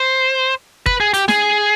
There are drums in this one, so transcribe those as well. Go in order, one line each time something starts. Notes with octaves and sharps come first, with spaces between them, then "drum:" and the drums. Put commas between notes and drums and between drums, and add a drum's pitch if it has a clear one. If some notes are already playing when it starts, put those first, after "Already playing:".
Already playing: C5
B4, drum: kick
G#4
G4, drum: hi-hat
G#4, drum: snare